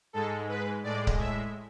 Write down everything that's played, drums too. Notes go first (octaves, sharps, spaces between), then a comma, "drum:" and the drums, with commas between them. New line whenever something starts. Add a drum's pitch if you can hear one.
G#2 G#3 A4
B4
A2 G#3 D5
drum: kick C#1
E5